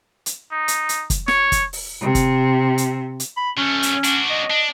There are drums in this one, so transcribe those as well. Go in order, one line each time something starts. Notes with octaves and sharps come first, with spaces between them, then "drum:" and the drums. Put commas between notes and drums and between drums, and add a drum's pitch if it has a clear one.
drum: hi-hat
D#4
drum: hi-hat
drum: hi-hat
drum: kick, hi-hat
C#5, drum: snare
drum: kick, hi-hat
drum: open hi-hat
C3
drum: kick, hi-hat
drum: hi-hat
drum: hi-hat
B5
F#3 A3 C#4
drum: hi-hat
D4 F#4, drum: hi-hat
D#5
D4